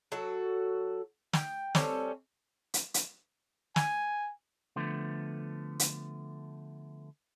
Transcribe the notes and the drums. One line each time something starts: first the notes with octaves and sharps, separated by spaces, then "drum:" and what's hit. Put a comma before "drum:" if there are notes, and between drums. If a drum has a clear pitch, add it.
F#3 F#4 A4
G5, drum: snare
G3 C4 C#4 A4, drum: snare
drum: hi-hat
drum: hi-hat
G#5, drum: snare
D3 F3 A3 B3
drum: hi-hat